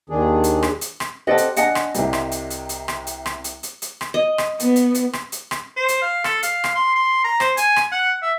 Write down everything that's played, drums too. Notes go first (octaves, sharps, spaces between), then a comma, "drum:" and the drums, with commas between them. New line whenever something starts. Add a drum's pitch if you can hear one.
D#2 D#3 D4 G#4
drum: hi-hat
drum: rim click
drum: hi-hat
drum: rim click
C4 G4 A4 D5 D#5 F#5
drum: hi-hat
D4 D#5 F#5 G#5 A5 A#6, drum: hi-hat
drum: rim click
C2 C3 G3, drum: hi-hat
drum: rim click
drum: hi-hat
drum: hi-hat
drum: hi-hat
drum: rim click
drum: hi-hat
drum: rim click
drum: hi-hat
drum: hi-hat
drum: hi-hat
drum: rim click
D#5
drum: rim click
B3, drum: hi-hat
drum: hi-hat
drum: hi-hat
drum: rim click
drum: hi-hat
drum: rim click
C5
drum: hi-hat
F5
A4, drum: rim click
F5, drum: hi-hat
drum: rim click
C6
C6
A#5
C5, drum: rim click
G#5, drum: hi-hat
drum: rim click
F#5
E5